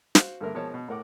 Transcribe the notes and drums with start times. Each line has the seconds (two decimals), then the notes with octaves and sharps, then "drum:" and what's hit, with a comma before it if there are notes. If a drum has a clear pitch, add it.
0.15 F#4 C5 F5 F#5, drum: snare
0.41 G2 D3 A3 A#3 A#4 E5
0.54 B2 F3 G#3 A#4 C#5 A5
0.74 B2
0.88 A2 A#4 F#5 D6